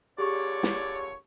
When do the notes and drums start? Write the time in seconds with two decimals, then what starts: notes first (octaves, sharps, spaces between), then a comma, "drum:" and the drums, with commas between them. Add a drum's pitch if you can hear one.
0.18 A#2 D3 G4 G#4 C#5 D5 C#6
0.63 drum: snare